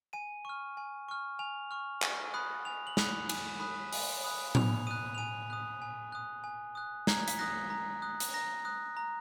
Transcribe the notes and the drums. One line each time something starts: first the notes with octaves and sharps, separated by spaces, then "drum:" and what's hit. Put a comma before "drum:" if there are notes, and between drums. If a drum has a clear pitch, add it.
G#5 D#7
C#6 F6
G#5
C#6 F6
G#5 F7
C#6 F6
G#5, drum: clap
B5 D#6 F#6
G#5 F7
F#7
B5 D#6 F#6 F7, drum: snare
G#5, drum: cymbal
B5 D#6 F#6
G#5, drum: open hi-hat
B5 D#6 F#6
G#5 F7, drum: tom A2
D#6 F#6 D#7
F7
G#5 D#7
D#6 F#6
G#5
D#6 F#6
G#5
D#6 F#6
A#5 G#6, drum: snare
B6, drum: hi-hat
D#6 F#6 A#6
A#5
D#6 F#6
drum: hi-hat
A#5 A#6
D#6 F#6
A#5